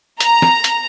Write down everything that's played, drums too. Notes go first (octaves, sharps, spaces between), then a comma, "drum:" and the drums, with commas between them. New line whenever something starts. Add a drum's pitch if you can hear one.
A#5, drum: hi-hat
drum: snare
drum: hi-hat